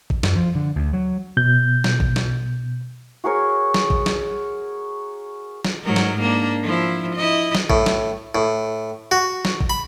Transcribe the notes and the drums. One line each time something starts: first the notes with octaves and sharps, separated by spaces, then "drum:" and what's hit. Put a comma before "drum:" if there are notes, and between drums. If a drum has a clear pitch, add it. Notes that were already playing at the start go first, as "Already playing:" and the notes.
drum: kick
F#2, drum: snare
F3
D3
D2
F#3
B2 G6
drum: snare
drum: kick
drum: snare
F#4 G#4 A#4 C#5
drum: snare
drum: kick
drum: snare
drum: snare
G#2 F#3 A#4
drum: snare
A#3 D4
F3 E4
E4 D#5
drum: snare
A2, drum: kick
drum: snare
A2
F#4
drum: snare
drum: kick
B5